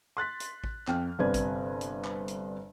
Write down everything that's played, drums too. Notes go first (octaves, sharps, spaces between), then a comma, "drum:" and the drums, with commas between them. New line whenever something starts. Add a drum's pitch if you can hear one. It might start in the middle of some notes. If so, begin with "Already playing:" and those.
C6 F#6 A6 B6
drum: hi-hat
drum: kick A1
F2 G5 F6, drum: clap
G1 C3 B4 C5 D5 G#6
drum: kick A1, hi-hat
drum: hi-hat
drum: clap
drum: hi-hat